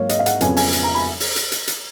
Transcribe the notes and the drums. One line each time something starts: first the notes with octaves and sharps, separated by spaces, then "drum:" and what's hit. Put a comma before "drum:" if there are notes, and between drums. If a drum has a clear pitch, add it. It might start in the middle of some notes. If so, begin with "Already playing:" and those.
Already playing: G#2 F#3 A#3 C#5 F5
D#5, drum: hi-hat
F5
F#5, drum: hi-hat
F2 C#3 F#3 B3 G#5, drum: hi-hat
G#5, drum: open hi-hat
drum: hi-hat
A#5
B5
drum: open hi-hat
drum: hi-hat
drum: hi-hat
drum: hi-hat